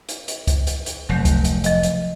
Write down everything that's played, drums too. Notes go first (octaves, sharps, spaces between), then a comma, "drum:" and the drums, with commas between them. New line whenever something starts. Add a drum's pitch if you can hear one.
drum: hi-hat
drum: hi-hat
drum: kick C#2, hi-hat
drum: hi-hat
drum: hi-hat
F1 F#3 A3 G6
drum: kick C#2, hi-hat
drum: hi-hat
F3 D#5, drum: hi-hat
drum: hi-hat